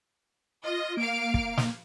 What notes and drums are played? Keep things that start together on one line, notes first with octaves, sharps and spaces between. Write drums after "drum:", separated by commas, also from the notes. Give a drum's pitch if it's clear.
F4 D#5
A#3 F5 D7
drum: kick
drum: snare